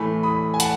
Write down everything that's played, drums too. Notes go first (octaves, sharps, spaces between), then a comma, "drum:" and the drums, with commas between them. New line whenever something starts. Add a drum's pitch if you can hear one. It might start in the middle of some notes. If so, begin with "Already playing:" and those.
Already playing: A2 E3 A3 G#5 B5
B5 D#6
G#5
F#5 A5, drum: hi-hat